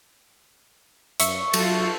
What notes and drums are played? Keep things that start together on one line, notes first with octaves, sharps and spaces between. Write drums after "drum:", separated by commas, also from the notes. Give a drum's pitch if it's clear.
F#2 E5 C#6, drum: hi-hat
F#3 F4 A4, drum: cymbal